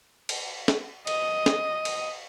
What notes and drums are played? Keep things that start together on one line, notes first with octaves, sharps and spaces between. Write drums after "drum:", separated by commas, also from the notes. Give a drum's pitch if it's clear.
drum: cymbal
drum: snare
D#5, drum: cymbal
drum: snare
drum: cymbal